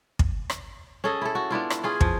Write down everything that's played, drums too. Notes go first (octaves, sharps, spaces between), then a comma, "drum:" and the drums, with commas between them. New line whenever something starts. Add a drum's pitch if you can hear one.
drum: kick
drum: rim click
C#4 G#4 A4 D#5
E4 A4
F#4
B3 D4 E4 F4
drum: rim click
C#4 F4 G#4
F3, drum: kick